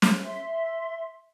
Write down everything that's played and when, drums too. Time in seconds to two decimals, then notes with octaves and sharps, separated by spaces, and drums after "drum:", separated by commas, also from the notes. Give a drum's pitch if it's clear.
0.02 drum: snare
0.23 E5 C6